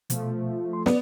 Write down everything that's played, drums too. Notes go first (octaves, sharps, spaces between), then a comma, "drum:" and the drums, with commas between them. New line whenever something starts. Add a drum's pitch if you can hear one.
B2 F3 A3, drum: hi-hat
C6
B3 D5, drum: snare